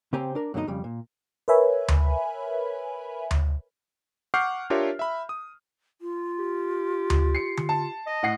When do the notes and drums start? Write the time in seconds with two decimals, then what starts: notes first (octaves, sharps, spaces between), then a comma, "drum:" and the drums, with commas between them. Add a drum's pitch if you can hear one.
0.13 C#3 C4 G4 C5 G#5 A#5
0.35 D4 A#4 D5
0.54 F#2 B2 D3 A3 D#4 D#5
0.67 F2 C#3 G3
0.84 A#2
1.48 A#4 B4 C#5 E5 G#5 B5
1.88 drum: tom D2
3.31 drum: tom D2
4.34 F#5 C#6 D6 F6 G6 C7
4.70 D4 F4 G4 A#4 C#5 E5
4.99 E5 B5
5.29 D#6
6.01 F4
6.39 G4
7.10 drum: tom D2
7.35 C7 C#7
7.57 drum: tom D3
7.69 A5
8.06 D#5
8.23 A2 F#5 C7